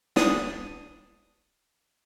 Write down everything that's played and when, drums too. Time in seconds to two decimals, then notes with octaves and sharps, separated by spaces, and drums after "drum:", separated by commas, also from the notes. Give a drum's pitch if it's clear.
0.16 D4 D#6, drum: snare